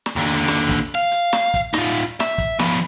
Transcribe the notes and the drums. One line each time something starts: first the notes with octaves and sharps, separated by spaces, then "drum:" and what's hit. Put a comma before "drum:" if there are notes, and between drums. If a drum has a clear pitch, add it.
drum: snare
D#2 D3
drum: hi-hat
drum: snare
drum: kick, hi-hat
F5
drum: hi-hat
drum: snare
drum: kick, hi-hat
D#4 F4, drum: snare
E5, drum: snare
drum: kick, hi-hat
F3 B3, drum: snare